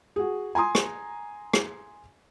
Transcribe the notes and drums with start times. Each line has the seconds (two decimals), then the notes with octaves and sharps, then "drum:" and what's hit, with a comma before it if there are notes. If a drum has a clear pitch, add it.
0.16 F#4 G#4
0.55 G#5 A#5 C6 D#6
0.75 drum: rim click
1.53 drum: rim click